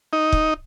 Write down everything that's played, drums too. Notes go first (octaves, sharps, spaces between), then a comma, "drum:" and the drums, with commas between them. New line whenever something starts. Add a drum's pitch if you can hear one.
D#4
drum: kick